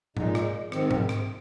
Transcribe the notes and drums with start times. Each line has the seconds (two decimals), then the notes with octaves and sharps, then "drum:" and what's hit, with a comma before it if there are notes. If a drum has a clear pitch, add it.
0.17 A#2 G#3 D#4, drum: tom G#2
0.35 drum: rim click
0.72 G#2 D#3 C4, drum: rim click
0.91 drum: tom G#2
1.09 drum: rim click